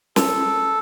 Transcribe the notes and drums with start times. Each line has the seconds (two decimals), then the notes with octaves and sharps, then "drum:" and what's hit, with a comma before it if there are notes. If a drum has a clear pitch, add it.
0.16 A4, drum: snare